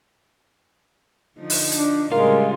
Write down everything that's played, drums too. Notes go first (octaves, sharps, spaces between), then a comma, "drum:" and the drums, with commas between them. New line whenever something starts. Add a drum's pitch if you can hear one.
D3 F3 D#4
drum: open hi-hat
D4, drum: hi-hat
A2 C#3 G3 G#3 F4 A#4